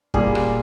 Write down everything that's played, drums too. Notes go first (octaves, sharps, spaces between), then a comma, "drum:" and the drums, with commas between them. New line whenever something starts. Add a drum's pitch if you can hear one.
A#2 G3 G#4, drum: kick
drum: rim click